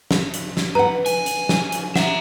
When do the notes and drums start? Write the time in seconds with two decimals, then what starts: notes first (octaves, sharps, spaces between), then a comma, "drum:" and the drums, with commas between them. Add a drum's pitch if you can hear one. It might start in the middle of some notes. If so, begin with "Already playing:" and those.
0.11 drum: snare
0.34 drum: hi-hat
0.57 drum: snare
0.75 B4 F#5 A#5
1.06 G#5, drum: hi-hat
1.26 drum: hi-hat
1.49 drum: snare
1.72 drum: hi-hat
1.96 E5 F#5 A#5, drum: snare